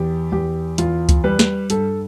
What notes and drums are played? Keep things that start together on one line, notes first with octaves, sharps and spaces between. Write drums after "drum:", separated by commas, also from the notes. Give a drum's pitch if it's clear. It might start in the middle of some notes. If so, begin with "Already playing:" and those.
Already playing: E2 G4
E2 G4
E2 F4, drum: hi-hat
drum: kick C#2, hi-hat
G3 B4
drum: snare
G2 A4, drum: hi-hat